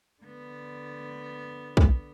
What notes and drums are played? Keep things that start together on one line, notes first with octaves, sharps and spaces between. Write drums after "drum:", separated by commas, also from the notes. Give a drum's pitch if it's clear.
D3 B3
drum: kick